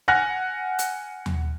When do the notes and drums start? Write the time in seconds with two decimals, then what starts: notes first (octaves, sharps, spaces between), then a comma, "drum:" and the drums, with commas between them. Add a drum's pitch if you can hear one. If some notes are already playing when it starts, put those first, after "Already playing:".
0.08 F#5 G#5 F6 F#6 A#6
0.79 drum: hi-hat
1.26 drum: tom